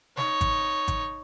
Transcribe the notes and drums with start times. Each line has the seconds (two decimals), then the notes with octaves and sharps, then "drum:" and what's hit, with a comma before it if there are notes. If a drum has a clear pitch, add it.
0.17 D#4 C#5, drum: snare
0.41 drum: kick G#1, hi-hat
0.88 drum: kick G#1, hi-hat